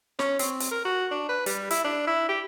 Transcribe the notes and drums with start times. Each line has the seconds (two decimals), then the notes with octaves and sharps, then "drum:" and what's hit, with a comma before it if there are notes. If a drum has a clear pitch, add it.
0.19 C#4, drum: snare
0.39 C4, drum: hi-hat
0.60 drum: hi-hat
0.72 A#4
0.85 F#4
1.11 D4
1.29 B4
1.46 G3, drum: hi-hat
1.71 E4, drum: hi-hat
1.85 D4
2.07 E4
2.29 G4